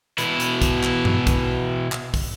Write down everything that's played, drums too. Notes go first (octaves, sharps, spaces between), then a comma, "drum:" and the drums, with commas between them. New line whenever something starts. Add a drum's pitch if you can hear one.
B2 E4, drum: hi-hat
drum: hi-hat
drum: kick, hi-hat
drum: clap
drum: tom G2
drum: kick, hi-hat
drum: clap
drum: kick, open hi-hat